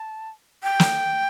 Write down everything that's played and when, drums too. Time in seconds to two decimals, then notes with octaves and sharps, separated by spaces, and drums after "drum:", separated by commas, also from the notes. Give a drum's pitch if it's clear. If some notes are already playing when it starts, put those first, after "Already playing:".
Already playing: A5
0.63 G5
0.80 drum: snare